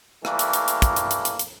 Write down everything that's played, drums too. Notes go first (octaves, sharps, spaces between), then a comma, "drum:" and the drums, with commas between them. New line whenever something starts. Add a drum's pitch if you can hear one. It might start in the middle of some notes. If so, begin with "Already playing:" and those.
E3 G3 A3 A#3, drum: rim click
drum: hi-hat
drum: hi-hat
drum: hi-hat
drum: kick, hi-hat
drum: hi-hat
drum: hi-hat
drum: hi-hat
drum: hi-hat